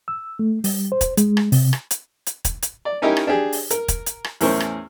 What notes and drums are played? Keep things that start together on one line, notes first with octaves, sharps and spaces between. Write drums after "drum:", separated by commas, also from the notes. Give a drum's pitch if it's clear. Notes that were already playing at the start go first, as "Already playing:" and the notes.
E6
A3
G3, drum: open hi-hat
C5
drum: kick, hi-hat
G#3, drum: hi-hat
drum: rim click
C3, drum: open hi-hat
drum: rim click
drum: hi-hat
drum: hi-hat
drum: kick, hi-hat
drum: hi-hat
D5
C#4 D#4 E4 G4 A#4
drum: rim click
D4 G4 G#4
drum: open hi-hat
A#4, drum: hi-hat
drum: kick, hi-hat
drum: hi-hat
drum: rim click
E2 A2 C#4 A#4 C5 C#6, drum: open hi-hat
drum: rim click